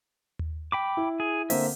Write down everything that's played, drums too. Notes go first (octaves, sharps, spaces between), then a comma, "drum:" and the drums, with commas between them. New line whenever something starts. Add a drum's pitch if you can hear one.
drum: tom D#2
G5 B5 D6
E4
G#4
D3 A#3 C4 E5, drum: open hi-hat